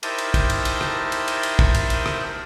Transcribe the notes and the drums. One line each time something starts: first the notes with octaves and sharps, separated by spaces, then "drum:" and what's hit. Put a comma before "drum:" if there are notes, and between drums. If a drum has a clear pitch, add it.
D#4 E4 G4 A#4 C5 A5, drum: cymbal
drum: cymbal
drum: kick, cymbal
drum: cymbal
drum: cymbal
drum: rim click
drum: cymbal
drum: cymbal
drum: cymbal
drum: kick
drum: cymbal
drum: cymbal
drum: rim click